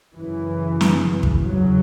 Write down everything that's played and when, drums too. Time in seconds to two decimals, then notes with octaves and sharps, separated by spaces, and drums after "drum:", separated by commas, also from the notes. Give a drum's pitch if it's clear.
0.17 F#2 C#3 E3
0.81 drum: snare
1.23 drum: kick
1.44 E2 C#3 F#3